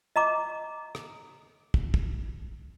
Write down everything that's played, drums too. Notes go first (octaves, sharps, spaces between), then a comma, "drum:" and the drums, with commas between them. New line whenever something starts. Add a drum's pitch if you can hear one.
D#5 A#5 D6
drum: rim click
drum: kick
drum: kick